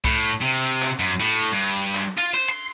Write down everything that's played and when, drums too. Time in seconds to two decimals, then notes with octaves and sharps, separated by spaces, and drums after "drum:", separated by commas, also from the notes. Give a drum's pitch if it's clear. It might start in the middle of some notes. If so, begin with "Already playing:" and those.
0.04 A2, drum: kick C2, cymbal
0.41 C3
0.82 drum: clap
0.99 F#2
1.20 A2, drum: cymbal
1.52 G2
1.95 drum: clap
2.18 F4
2.34 C5, drum: cymbal
2.50 C6